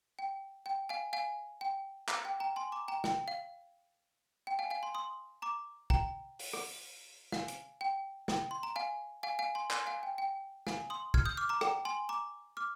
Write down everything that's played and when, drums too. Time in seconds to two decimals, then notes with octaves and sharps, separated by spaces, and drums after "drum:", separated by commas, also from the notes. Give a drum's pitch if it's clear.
0.19 G5
0.66 G5
0.89 F5 G#5
1.13 F5 G#5
1.61 G5
2.08 F5, drum: clap
2.25 G5
2.40 G5 A#5
2.56 G#5 C6
2.72 A#5 D6
2.88 G5 A#5
3.04 G5, drum: snare
3.28 F5
4.47 G5
4.59 F5 G#5
4.70 F5 G#5
4.83 G#5 C6
4.94 C6 D#6
5.42 A#5 D6
5.90 G5 A#5, drum: kick
6.39 drum: open hi-hat
6.53 drum: rim click
7.32 F5 G#5, drum: snare
7.48 drum: hi-hat
7.81 G5
8.28 G5, drum: snare
8.51 C6
8.63 A#5
8.76 F5 G#5
9.23 F5 G#5
9.39 F5 G#5
9.55 G#5 C6
9.71 G#5 C6, drum: clap
9.87 F5 G#5
10.03 G5
10.18 G5
10.67 F5 G#5, drum: snare
10.90 C6 D#6
11.14 F6 G#6, drum: kick
11.25 D#6 G6
11.37 D6 F6
11.49 A#5 D6
11.61 G5 A#5, drum: rim click
11.85 G#5 C6
12.09 A#5 D6
12.57 D6 F6